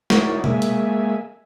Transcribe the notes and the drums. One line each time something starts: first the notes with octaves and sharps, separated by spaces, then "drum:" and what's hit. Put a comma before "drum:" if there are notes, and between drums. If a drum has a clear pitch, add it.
D#4 E4 F#4 A#4 C#5 D5, drum: snare
G#3 A#3 E5 G#5, drum: tom B2
drum: hi-hat